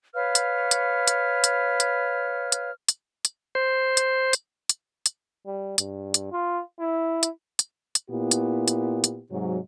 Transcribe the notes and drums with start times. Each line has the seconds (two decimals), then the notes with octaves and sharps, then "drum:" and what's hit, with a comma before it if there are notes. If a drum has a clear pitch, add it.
0.15 B4 C#5 F5 F6
0.35 drum: hi-hat
0.71 drum: hi-hat
1.08 drum: hi-hat
1.44 drum: hi-hat
1.80 drum: hi-hat
2.52 drum: hi-hat
2.89 drum: hi-hat
3.25 drum: hi-hat
3.55 C5
3.97 drum: hi-hat
4.33 drum: hi-hat
4.69 drum: hi-hat
5.06 drum: hi-hat
5.46 G3
5.78 G2, drum: hi-hat
6.14 drum: hi-hat
6.32 F4
6.79 E4
7.23 drum: hi-hat
7.59 drum: hi-hat
7.95 drum: hi-hat
8.10 A#2 B3 E4 G4
8.31 drum: hi-hat
8.68 drum: hi-hat
9.04 drum: hi-hat
9.31 G#2 C3 F#3